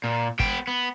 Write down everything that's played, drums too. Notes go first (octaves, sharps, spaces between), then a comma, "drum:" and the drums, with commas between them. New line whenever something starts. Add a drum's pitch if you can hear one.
A#2
B3 G5, drum: kick
B3